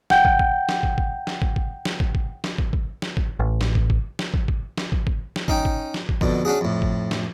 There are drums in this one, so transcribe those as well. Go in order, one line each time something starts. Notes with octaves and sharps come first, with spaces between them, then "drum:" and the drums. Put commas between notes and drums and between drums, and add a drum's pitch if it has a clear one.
F#5 G5 G6, drum: snare
drum: kick
drum: kick
drum: snare
drum: kick
drum: kick
drum: snare
drum: kick
drum: kick
drum: snare
drum: kick
drum: kick
drum: snare
drum: kick
drum: kick
drum: snare
drum: kick
A1
drum: snare
drum: kick
drum: kick
drum: snare
drum: kick
drum: kick
drum: snare
drum: kick
drum: kick
drum: snare
C#4 D#4 G5, drum: kick
drum: kick
drum: snare
drum: kick
F2 B2 D3, drum: kick
C#4 D4 F#4 G#4
F2 A2
drum: kick
drum: snare